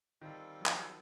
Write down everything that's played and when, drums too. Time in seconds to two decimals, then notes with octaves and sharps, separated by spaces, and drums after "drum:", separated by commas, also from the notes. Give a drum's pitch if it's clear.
0.21 D#3 G3 C4 F4 A4
0.61 F#3
0.66 F3, drum: clap